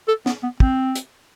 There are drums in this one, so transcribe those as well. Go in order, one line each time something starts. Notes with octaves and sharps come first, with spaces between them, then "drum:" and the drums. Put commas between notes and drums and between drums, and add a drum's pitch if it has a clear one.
A4
B3, drum: snare
B3
C4, drum: kick
drum: hi-hat